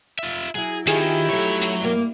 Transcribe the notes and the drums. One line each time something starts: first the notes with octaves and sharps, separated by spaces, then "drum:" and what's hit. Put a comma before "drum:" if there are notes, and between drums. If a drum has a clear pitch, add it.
F4 E5
F#3 E4 G#4
D#3 E4 F4 G4 G#4, drum: hi-hat
F#3 A3 D#4 C#5
drum: hi-hat
G2 A#3